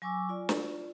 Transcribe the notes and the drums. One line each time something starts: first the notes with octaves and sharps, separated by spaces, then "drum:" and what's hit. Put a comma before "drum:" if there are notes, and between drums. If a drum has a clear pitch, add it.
F#3 G#5 C#6 D6 E6
F4 D5
drum: snare